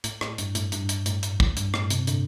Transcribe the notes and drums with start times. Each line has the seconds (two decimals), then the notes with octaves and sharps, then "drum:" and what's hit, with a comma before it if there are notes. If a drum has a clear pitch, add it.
0.04 A2, drum: hi-hat
0.21 A2, drum: rim click
0.38 G2, drum: hi-hat
0.55 A2, drum: hi-hat
0.72 G2, drum: hi-hat
0.89 drum: hi-hat
1.06 A2, drum: hi-hat
1.23 drum: hi-hat
1.40 A2, drum: kick
1.57 G2, drum: hi-hat
1.74 A2, drum: rim click
1.90 C3, drum: hi-hat
2.07 D3, drum: hi-hat